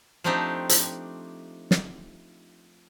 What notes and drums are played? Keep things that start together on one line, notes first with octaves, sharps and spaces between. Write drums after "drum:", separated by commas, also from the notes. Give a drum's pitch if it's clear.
F3 A3 C4 D4 D#4 G4
drum: hi-hat
drum: snare